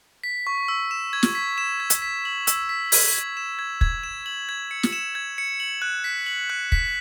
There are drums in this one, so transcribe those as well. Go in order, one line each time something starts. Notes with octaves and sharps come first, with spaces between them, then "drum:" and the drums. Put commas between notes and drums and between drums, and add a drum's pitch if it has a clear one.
B6
C#6
E6
E7
G#6
drum: snare
B6
E7
G#6
drum: hi-hat
B6
F#7
E6, drum: hi-hat
B6
G#6, drum: open hi-hat
G#6
E7
G#6
G#6, drum: kick
E7
F#7
G#6
C#7
drum: snare
E7
G#6
C#7
F#7
F#6
B6
F#7
F#6
B6, drum: kick